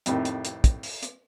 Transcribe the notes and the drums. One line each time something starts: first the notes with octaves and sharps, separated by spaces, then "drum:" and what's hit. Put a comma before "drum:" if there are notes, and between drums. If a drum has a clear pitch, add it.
F2 A2 C3 D#3, drum: hi-hat
drum: hi-hat
drum: hi-hat
drum: kick, hi-hat
drum: open hi-hat
drum: hi-hat